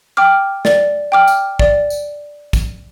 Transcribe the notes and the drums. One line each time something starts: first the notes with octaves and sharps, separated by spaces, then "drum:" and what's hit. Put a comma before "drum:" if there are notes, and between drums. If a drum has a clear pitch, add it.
G5 D6 F6
D5, drum: snare
G5 D6 F6
drum: tambourine
D5, drum: kick
drum: tambourine
drum: kick, tambourine